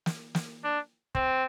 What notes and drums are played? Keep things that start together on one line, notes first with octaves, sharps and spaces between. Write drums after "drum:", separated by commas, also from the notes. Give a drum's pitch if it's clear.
drum: snare
drum: snare
D4
C4, drum: kick